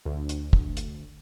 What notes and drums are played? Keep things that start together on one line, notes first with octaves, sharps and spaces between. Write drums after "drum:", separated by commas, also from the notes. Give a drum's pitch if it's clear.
D2
drum: hi-hat
drum: kick
drum: hi-hat